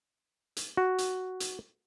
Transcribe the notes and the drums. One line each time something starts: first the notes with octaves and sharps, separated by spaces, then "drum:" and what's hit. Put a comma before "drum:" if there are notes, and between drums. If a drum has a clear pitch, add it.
drum: hi-hat
F#4
drum: hi-hat
drum: hi-hat